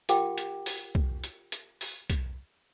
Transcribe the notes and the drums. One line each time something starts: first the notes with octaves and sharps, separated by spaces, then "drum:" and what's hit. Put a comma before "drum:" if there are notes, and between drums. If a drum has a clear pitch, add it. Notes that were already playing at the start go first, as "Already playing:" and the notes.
F4 G4 A#4 F#5 G5 D6, drum: hi-hat
drum: hi-hat
drum: open hi-hat
drum: kick
drum: hi-hat
drum: hi-hat
drum: open hi-hat
drum: kick, hi-hat